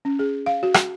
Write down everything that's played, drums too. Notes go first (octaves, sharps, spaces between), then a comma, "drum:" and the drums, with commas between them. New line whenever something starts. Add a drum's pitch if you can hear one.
C#4
G#4
F5
F#4
drum: rim click